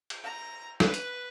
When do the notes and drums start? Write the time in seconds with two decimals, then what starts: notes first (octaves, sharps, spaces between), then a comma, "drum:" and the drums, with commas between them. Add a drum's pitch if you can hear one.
0.10 drum: cymbal
0.23 A#5
0.80 B4, drum: snare
0.94 drum: hi-hat